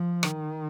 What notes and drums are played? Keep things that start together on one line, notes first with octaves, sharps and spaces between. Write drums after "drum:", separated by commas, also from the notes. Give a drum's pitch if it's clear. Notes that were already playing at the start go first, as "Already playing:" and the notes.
Already playing: F3
D#3, drum: rim click